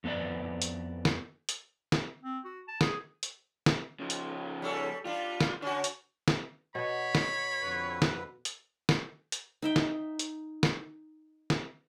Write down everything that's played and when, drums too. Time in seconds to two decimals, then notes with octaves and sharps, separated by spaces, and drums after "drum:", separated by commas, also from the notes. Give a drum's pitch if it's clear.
0.04 F2 B3 A4 B4 D5
0.62 drum: hi-hat
1.05 drum: snare
1.49 drum: hi-hat
1.92 drum: snare
2.23 C4
2.45 F#4
2.68 A5
2.81 G#4, drum: snare
3.23 drum: hi-hat
3.66 drum: snare
4.00 C#3 F3
4.10 drum: hi-hat
4.62 G3 C#4 A4
5.05 G3 D4 F4
5.41 drum: snare
5.62 D3 C#4 F#4
5.84 drum: hi-hat
6.28 drum: snare
6.75 B2 B3 C#5 B5
7.15 drum: snare
7.62 F2 D3 B4
8.02 drum: snare
8.45 drum: hi-hat
8.89 drum: snare
9.32 drum: hi-hat
9.62 D#4 E5 G5
9.76 drum: snare
10.19 drum: hi-hat
10.63 drum: snare
11.50 drum: snare